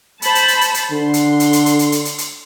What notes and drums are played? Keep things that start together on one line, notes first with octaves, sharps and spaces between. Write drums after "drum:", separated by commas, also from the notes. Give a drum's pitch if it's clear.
C5 A5 B5, drum: hi-hat
drum: hi-hat
drum: hi-hat
drum: hi-hat
drum: hi-hat
D3 C6
drum: hi-hat
drum: hi-hat
drum: hi-hat
drum: hi-hat
drum: hi-hat
drum: hi-hat
drum: hi-hat
drum: hi-hat